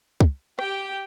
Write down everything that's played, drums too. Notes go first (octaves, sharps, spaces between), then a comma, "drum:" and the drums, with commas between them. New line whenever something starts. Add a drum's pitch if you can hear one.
drum: kick
G4 G5, drum: rim click